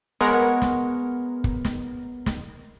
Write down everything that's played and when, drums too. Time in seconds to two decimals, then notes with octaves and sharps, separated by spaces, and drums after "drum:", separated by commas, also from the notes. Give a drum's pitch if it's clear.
0.21 G#3 B3 A#4 C#5 F#5
0.62 drum: snare
1.44 drum: kick
1.65 drum: snare
2.26 drum: snare